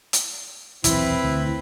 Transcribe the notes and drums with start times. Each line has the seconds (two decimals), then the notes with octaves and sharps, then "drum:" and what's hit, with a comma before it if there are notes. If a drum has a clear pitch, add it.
0.13 drum: hi-hat
0.84 D#1 B1 E3 C4 E4 B4, drum: hi-hat
1.23 D2